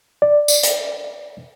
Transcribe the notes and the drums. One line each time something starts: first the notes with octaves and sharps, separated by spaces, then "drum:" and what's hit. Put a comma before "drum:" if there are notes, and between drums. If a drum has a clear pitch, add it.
D5
drum: tambourine
drum: hi-hat